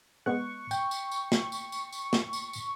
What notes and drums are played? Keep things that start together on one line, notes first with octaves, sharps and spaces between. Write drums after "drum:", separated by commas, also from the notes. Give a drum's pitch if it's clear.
G#3 B3 C#6 F#6
G5 G6, drum: tambourine
drum: tambourine
drum: tambourine
drum: snare
drum: tambourine
drum: tambourine
drum: tambourine
drum: snare
drum: tambourine
drum: tambourine